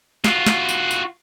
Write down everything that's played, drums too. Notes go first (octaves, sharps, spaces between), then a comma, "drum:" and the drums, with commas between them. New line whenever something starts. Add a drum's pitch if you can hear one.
F4 F#4, drum: snare
drum: snare
drum: tambourine
drum: tambourine